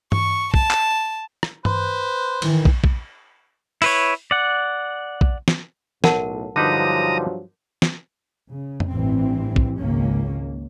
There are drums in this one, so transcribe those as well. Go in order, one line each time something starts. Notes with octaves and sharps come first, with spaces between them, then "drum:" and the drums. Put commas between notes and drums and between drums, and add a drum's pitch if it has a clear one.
C#6, drum: tom G2
A5, drum: kick
drum: clap
drum: rim click
B4 C5, drum: tom G2
D#3 E3, drum: cymbal
drum: kick
drum: kick
E4 B4 C#5, drum: open hi-hat
D5 F#5
drum: kick
drum: snare
B1 A2 A#4 F#5 A5, drum: snare
G2 D3 F3 F#3 D#4 B4 A#5 D#6
drum: snare
C#3
drum: tom F2
A1 G2 E3 C4
drum: kick
G#1 C#2 A#3 C#4